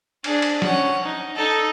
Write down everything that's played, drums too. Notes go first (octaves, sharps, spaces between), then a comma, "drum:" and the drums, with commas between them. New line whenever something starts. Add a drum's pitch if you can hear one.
D4 G#4, drum: cymbal
drum: cymbal
C#4 F#5, drum: snare
D#4
D#4 A4